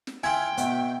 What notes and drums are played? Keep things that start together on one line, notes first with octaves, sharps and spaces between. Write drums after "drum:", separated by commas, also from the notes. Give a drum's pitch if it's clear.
drum: snare
E4 F4 G5 G#5 G#6
B2 B3 E5, drum: hi-hat